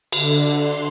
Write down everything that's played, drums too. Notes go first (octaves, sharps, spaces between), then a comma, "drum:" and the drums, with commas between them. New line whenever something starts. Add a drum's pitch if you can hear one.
D3, drum: cymbal
C6